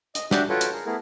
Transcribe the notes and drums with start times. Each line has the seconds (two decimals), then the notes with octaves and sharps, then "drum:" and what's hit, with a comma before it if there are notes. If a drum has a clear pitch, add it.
0.15 D#5, drum: hi-hat
0.31 D4 F#4 G4 E5, drum: snare
0.49 F4 F#4 A4 B4 C#5 G5
0.61 drum: hi-hat
0.73 G#4 A#4
0.86 A3 B3 E4 G#4 A#4